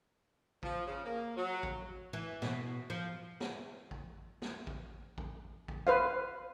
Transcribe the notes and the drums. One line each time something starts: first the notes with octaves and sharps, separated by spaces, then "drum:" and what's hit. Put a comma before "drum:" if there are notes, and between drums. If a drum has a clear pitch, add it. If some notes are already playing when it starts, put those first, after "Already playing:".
F3, drum: kick A1
C#3
A#3
F#3
drum: kick A1
E3
B2, drum: snare
F3
drum: snare
drum: kick A1
drum: snare
drum: kick A1
drum: kick A1
drum: kick A1
B4 C5 F5